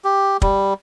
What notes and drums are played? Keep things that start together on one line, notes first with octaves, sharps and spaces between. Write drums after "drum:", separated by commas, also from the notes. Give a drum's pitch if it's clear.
G4
G3, drum: kick